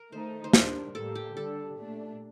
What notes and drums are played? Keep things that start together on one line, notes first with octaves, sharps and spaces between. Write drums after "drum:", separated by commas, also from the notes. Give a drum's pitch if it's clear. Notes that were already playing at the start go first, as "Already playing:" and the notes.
Already playing: A#4
D#3 A3 D#4 C5
C5
D#3 G3 D4 A#4, drum: snare
A2 G3 A#3 A4
G4
D3 G3 D4 A4
A#2 A3 D4